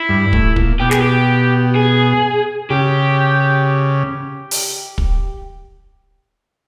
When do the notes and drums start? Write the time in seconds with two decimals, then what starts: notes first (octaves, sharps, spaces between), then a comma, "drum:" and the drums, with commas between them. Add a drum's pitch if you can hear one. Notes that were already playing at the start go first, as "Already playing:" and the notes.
Already playing: E4
0.09 G2
0.33 A2, drum: kick
0.56 A#2, drum: kick
0.80 B2 G4
0.91 G#4, drum: snare
1.01 G4
1.75 G#4
2.70 C#3 G4
4.51 drum: open hi-hat
4.98 drum: kick